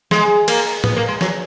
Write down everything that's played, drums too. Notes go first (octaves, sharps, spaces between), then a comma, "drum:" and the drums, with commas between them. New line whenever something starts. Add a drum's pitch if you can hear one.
G#3, drum: snare
A#3, drum: cymbal
B3, drum: tom A2
A#3
G#3
F#3, drum: snare